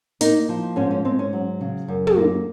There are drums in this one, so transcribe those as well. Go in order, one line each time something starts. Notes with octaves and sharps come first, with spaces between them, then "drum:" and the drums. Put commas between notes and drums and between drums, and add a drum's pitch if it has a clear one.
A#3 D#4, drum: hi-hat
F3
G#2 C#4
C#4
G#2 C4
C#4
F#3
C#3
F#2
drum: tom
A#3